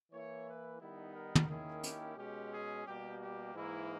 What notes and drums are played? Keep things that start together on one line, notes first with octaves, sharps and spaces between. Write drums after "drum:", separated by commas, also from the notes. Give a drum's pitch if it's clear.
E3 A#3 E4 C#5
B4
D#3 G3 B3 D#4 E4
A#4
drum: tom
D#3 A#3 C#4 E4 G#4
G4, drum: hi-hat
B2 G#3 C#4 G4
G#4
B2 G3 A#3 G4
G4
G#2 E3 A#3 D#4 E4